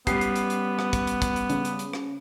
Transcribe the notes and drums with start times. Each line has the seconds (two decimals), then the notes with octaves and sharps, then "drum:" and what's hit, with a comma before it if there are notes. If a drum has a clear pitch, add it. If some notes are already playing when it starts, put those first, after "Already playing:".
0.07 G3 B3 C#4 G4 C7, drum: kick, hi-hat
0.21 drum: hi-hat
0.36 drum: hi-hat
0.50 drum: hi-hat
0.79 drum: rim click
0.93 drum: kick, hi-hat
1.07 drum: hi-hat
1.22 drum: kick, hi-hat
1.36 drum: hi-hat
1.50 C#3, drum: hi-hat
1.65 drum: hi-hat
1.79 drum: hi-hat
1.93 drum: rim click